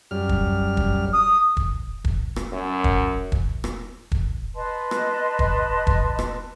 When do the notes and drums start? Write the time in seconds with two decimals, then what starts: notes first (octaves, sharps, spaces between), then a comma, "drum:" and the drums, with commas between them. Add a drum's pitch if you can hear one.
0.11 F#2 G3 F6
0.29 drum: kick
0.77 drum: kick
1.13 D#6
1.57 drum: kick
2.04 drum: kick
2.36 drum: rim click
2.52 F#2
2.84 drum: kick
3.32 drum: kick
3.64 drum: rim click
4.12 drum: kick
4.55 B4 D#5 A5 C6
4.91 drum: rim click
5.39 drum: kick
5.87 drum: kick
6.19 drum: rim click